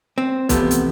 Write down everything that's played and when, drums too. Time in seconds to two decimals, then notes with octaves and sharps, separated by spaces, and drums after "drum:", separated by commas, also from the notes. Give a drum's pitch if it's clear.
0.18 C4
0.49 E2 C3 F3 A3 B3, drum: kick B1, hi-hat
0.71 drum: hi-hat